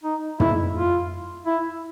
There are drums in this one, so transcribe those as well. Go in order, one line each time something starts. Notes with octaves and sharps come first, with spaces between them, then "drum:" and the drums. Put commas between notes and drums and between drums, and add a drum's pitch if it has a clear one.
D#4
E4, drum: tom
F4
E4